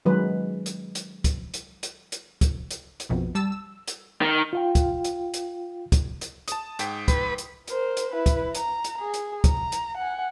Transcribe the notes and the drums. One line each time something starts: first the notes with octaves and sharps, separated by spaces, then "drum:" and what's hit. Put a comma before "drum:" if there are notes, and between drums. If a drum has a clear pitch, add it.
D#3 F#3 G#3 B4
drum: hi-hat
drum: hi-hat
drum: kick, hi-hat
drum: hi-hat
drum: hi-hat
drum: hi-hat
drum: kick, hi-hat
drum: hi-hat
drum: hi-hat
A#1 F2 B2
G3 A5 E6
E6
drum: hi-hat
D#3
F4 F5 G5
drum: kick, hi-hat
drum: hi-hat
drum: hi-hat
drum: kick, hi-hat
drum: hi-hat
A5 D#6, drum: hi-hat
G#2 G5 B6, drum: hi-hat
B4, drum: kick, hi-hat
drum: hi-hat
A#4 C5, drum: hi-hat
drum: hi-hat
E4 B4
drum: kick, hi-hat
A#5, drum: hi-hat
drum: hi-hat
G#4
drum: hi-hat
A#5, drum: kick, hi-hat
drum: hi-hat
F#5 G#5